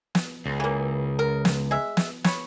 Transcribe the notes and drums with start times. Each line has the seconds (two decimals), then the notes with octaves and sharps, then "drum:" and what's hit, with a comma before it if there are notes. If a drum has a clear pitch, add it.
0.15 drum: snare
0.46 C#2
0.60 E3 A#3
1.19 A#4
1.45 drum: snare
1.71 G#3 E5
1.97 drum: snare
2.24 C#5 B5, drum: snare